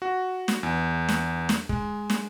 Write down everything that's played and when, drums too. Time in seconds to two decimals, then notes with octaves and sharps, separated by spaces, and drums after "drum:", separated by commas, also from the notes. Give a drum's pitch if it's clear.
0.02 F#4
0.48 drum: snare
0.63 E2
1.09 drum: snare
1.49 drum: snare
1.69 G#3, drum: kick
2.10 drum: snare